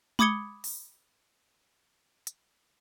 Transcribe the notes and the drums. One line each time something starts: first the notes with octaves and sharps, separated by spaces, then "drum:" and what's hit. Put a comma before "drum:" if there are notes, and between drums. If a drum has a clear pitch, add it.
B5 D6 D#6 G#6 C#7 G7, drum: tom G#3
drum: open hi-hat
drum: hi-hat